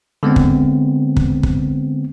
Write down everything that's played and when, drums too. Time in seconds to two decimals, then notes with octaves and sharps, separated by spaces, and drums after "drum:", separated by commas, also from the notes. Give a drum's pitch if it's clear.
0.23 D3 G#3 B3 C4
0.36 drum: kick
1.17 drum: kick
1.43 drum: kick